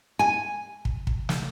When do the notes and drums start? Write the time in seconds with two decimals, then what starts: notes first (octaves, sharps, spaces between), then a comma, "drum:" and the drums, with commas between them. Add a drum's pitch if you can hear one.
0.19 G#5
0.85 drum: kick
1.07 drum: kick
1.29 drum: snare